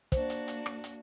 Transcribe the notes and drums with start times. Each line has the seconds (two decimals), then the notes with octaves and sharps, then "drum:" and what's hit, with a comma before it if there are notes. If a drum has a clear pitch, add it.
0.12 A#3 D4 F#4 C5, drum: kick, hi-hat
0.30 drum: hi-hat
0.48 drum: hi-hat
0.66 drum: rim click
0.84 drum: hi-hat